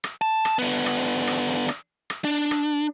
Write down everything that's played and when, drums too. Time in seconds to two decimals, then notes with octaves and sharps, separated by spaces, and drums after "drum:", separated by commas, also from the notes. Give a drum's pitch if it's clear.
0.04 drum: rim click
0.22 A5
0.45 drum: rim click
0.59 D3 B3
0.86 drum: rim click
1.27 drum: rim click
1.69 drum: rim click
2.10 drum: rim click
2.24 D4
2.51 drum: rim click